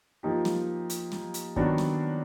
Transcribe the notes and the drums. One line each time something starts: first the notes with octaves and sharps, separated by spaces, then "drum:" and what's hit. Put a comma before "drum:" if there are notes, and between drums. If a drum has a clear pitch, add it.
F3 A#3 D#4 G4
drum: snare
drum: hi-hat
drum: snare
drum: hi-hat
D#3 F#3 B3 D4 F#4, drum: kick
drum: snare